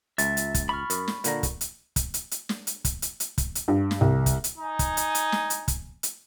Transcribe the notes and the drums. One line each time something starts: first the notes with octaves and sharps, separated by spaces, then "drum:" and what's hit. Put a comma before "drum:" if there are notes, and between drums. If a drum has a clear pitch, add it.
C#2 E5 A6, drum: hi-hat
drum: hi-hat
drum: kick, hi-hat
B5 C#6 F6
F#2, drum: hi-hat
drum: snare
A#2 D3 A#5, drum: hi-hat
drum: kick, hi-hat
drum: hi-hat
drum: kick, hi-hat
drum: hi-hat
drum: hi-hat
drum: snare
drum: hi-hat
drum: kick, hi-hat
drum: hi-hat
drum: hi-hat
drum: kick, hi-hat
drum: hi-hat
G2
drum: snare
C2
drum: kick, hi-hat
drum: hi-hat
D#4 G#5
drum: kick, hi-hat
drum: hi-hat
drum: hi-hat
drum: snare
drum: hi-hat
drum: kick, hi-hat
drum: hi-hat